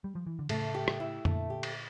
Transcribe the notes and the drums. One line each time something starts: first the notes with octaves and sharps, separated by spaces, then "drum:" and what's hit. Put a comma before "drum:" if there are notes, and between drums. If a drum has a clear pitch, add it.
G3
F3
E3
D3
A2 C#3 A3, drum: cymbal
G4
drum: rim click
E4
A#2 D3 A3, drum: tom F2
G4
drum: cymbal